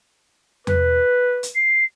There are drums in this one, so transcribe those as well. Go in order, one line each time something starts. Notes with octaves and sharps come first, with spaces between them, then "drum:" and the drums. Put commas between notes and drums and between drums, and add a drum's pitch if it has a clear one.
B4, drum: tom E2
drum: hi-hat
C7